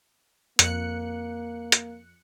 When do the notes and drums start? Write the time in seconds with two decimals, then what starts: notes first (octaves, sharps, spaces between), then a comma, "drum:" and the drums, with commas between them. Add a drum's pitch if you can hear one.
0.59 F2 A#3 F#6 C#7, drum: hi-hat
1.72 drum: hi-hat